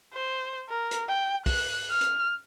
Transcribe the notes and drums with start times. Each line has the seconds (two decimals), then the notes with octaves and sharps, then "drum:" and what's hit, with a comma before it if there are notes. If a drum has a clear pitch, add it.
0.14 C5
0.69 A#4
0.91 drum: hi-hat
1.09 G5
1.46 F#6, drum: kick, open hi-hat
1.91 F6
2.01 drum: hi-hat